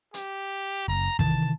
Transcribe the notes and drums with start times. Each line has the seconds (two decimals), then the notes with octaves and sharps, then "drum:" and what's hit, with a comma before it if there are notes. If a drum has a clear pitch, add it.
0.14 G4, drum: hi-hat
0.88 F#1 A#5
1.19 C3 D#3 E3 A5, drum: kick